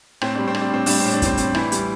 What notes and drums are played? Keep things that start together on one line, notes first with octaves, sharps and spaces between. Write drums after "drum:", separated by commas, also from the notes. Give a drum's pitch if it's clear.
A2 C4, drum: rim click
G3 D4
C4
G3, drum: rim click
D4
A2 C4
G3 D4, drum: open hi-hat
A2 C4
D4
A2 C4, drum: kick, hi-hat
A2, drum: hi-hat
E3 E4, drum: rim click
G3, drum: hi-hat